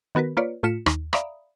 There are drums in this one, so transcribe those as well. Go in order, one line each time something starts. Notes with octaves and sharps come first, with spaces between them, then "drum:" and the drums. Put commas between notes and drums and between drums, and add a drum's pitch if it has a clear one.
D#3 B3 F#4 A#4 B4
A#3 F4 B4 C#5 D5
A2 A3 F4 B6 C#7 E7
D#2, drum: rim click
D5 E5 F5 A#5 B5 D#6, drum: rim click